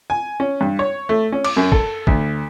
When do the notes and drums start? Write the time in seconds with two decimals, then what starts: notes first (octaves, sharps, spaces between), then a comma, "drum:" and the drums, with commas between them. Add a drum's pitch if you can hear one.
0.10 G#5
0.40 C#4
0.61 G2
0.79 C#5
1.09 A3
1.32 C#4
1.44 D6, drum: cymbal
1.57 F#2
1.72 A4, drum: kick
2.07 D2, drum: kick